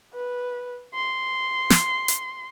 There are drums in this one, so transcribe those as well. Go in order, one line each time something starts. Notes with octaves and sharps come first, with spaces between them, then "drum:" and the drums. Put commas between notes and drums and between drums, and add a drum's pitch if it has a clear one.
B4
C6
drum: snare
drum: hi-hat